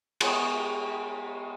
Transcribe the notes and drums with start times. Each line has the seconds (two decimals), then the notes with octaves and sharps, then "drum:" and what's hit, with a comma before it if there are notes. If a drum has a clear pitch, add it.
0.21 G#3 B3 C#5 G#5, drum: cymbal